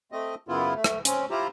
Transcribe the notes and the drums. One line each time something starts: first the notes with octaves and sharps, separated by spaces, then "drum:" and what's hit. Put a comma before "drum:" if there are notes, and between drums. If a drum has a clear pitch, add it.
A3 C4 D#5
F#2 C#3 B3 E4 F4
A3
drum: rim click
C4 C#4, drum: hi-hat
E4 F4 G4 C5 A#5